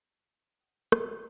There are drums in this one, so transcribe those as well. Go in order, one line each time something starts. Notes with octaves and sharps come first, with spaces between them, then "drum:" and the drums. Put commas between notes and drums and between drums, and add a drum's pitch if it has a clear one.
F#5 G5 D#6
drum: rim click